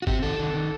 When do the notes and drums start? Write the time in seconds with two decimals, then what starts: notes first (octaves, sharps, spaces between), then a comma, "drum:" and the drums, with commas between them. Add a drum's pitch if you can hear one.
0.02 F#4
0.07 C4 G4, drum: kick
0.23 D#3 A4
0.39 D#3
0.54 D#3